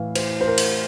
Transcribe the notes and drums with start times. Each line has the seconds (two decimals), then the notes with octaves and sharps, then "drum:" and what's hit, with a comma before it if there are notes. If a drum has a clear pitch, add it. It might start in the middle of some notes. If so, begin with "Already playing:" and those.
Already playing: A2 E3 F5
0.16 C5, drum: cymbal
0.41 C5
0.48 A#4
0.58 drum: cymbal